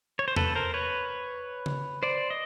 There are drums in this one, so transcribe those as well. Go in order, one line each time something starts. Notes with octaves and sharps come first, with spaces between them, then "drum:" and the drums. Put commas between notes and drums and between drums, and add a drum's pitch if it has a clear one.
C#5
C5
A4 B4, drum: tom E2
A#4 C5
B4 C#5
drum: tom C#3
C5 D5
D#5